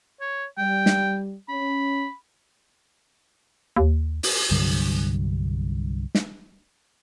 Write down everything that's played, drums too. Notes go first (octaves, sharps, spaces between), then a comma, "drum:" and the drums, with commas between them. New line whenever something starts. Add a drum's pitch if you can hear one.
C#5
G3 G5
drum: snare
C#4 B5
D#2
drum: open hi-hat
C2 G2 D3 F#3
drum: snare